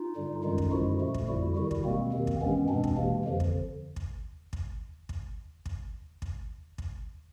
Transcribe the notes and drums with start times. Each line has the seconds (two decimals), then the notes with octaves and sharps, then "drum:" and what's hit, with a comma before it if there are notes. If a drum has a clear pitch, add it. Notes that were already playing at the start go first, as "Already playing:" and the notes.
Already playing: D#4 F4
0.16 G2 D3 G3
0.43 F#2 D#3 G#3 D#4 F4
0.58 drum: kick
0.72 F#2 D3 F3 G#3 E4 F#4
1.00 A#2 F3 A3
1.14 drum: kick
1.28 F2 D3 G3 E4 F#4
1.56 C3 D#3 G3 E4 F#4
1.71 drum: kick
1.85 B2 G#3 A#3 C4
2.12 E2 C3 D#3
2.27 drum: kick
2.41 G2 E3 G#3 B3 C#4
2.69 E2 B2 G#3 C4 D4
2.84 drum: kick
2.98 C3 E3 G#3 A#3
3.25 F2 D3 F3
3.40 drum: kick
3.96 drum: kick
4.53 drum: kick
5.09 drum: kick
5.66 drum: kick
6.22 drum: kick
6.78 drum: kick